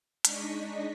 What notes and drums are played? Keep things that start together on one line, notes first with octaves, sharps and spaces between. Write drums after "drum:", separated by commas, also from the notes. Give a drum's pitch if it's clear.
G#3 D4 D#4 D#5 C#6 B6, drum: hi-hat